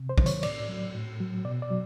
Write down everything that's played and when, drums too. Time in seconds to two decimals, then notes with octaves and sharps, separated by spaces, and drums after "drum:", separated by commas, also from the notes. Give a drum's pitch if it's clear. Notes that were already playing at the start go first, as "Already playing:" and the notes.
Already playing: C3
0.09 C5
0.18 D#3 F#3, drum: kick
0.26 C#5, drum: hi-hat
0.43 A2 D5, drum: cymbal
0.69 F#3
0.94 A2
1.20 F#3
1.45 B2 D5
1.62 D5
1.71 F#3